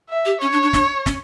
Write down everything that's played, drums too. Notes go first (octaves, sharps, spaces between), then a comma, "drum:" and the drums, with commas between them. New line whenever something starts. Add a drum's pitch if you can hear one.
E5
G4
C#4 C#5
D4
D4
D4, drum: snare
C#4, drum: snare